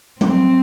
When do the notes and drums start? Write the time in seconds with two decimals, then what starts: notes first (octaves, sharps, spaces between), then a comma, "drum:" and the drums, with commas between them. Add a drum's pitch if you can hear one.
0.21 C4, drum: tom F#3